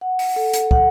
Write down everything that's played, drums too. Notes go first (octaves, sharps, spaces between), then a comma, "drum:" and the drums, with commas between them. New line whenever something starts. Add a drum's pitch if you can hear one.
F#5
drum: open hi-hat
A4
drum: hi-hat
F#5, drum: kick